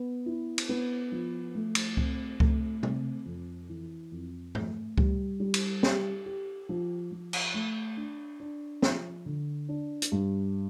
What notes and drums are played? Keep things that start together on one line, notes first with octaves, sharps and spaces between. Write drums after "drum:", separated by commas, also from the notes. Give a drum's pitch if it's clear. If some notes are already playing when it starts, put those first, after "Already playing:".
Already playing: B3
E4
drum: cymbal
B3
F3
A3
drum: cymbal
C4, drum: kick C#2
A3, drum: kick C#2
C4, drum: tom
F2
E3
F2
A3, drum: tom
G3, drum: kick C#2
G3
drum: cymbal
G4, drum: snare
G4
F3
F3
drum: cymbal
A3
D4
D4
F3, drum: snare
D3
D4
drum: hi-hat
G2